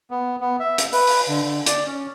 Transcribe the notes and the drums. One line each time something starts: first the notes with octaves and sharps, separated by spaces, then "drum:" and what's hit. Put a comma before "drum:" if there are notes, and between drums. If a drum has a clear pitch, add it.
B3
B3
E5
drum: hi-hat
B4, drum: open hi-hat
drum: open hi-hat
D3
D3
D5, drum: hi-hat
C#4